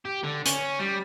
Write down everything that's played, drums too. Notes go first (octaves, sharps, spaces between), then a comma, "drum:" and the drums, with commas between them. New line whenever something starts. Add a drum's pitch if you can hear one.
G4
D3
C#4, drum: hi-hat
G3